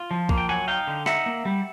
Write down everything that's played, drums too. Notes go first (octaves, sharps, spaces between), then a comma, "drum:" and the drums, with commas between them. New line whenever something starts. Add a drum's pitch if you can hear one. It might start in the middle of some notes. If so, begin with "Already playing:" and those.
Already playing: F4
F3
A#3, drum: kick
G5
F#3 F#5 G#5
D#4 F5 G5
D3
D#4 E5 F#5, drum: rim click
A#3
G3